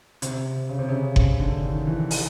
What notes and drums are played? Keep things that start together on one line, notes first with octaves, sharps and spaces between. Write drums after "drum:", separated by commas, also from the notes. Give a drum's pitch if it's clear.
C3, drum: hi-hat
C#3
C3
C#3
drum: kick F#1
D3
D#3
E3
drum: open hi-hat